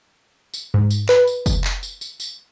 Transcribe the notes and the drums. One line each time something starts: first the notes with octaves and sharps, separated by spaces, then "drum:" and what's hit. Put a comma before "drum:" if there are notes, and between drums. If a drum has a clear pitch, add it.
drum: tambourine
G#2
drum: tambourine
B4, drum: clap
drum: tambourine
drum: kick, tambourine
drum: clap
drum: tambourine
drum: tambourine
drum: tambourine